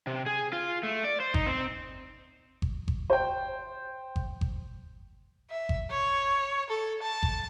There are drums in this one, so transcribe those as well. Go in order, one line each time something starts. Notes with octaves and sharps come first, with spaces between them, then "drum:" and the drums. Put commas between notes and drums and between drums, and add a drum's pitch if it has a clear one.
C3
G#4
F4
A3
D5
C5
D#4, drum: kick G1
C4
drum: kick G1
drum: kick G1
C5 G5
drum: kick G1
drum: kick G1
E5
drum: kick G1
C#5
A4
A5
drum: kick G1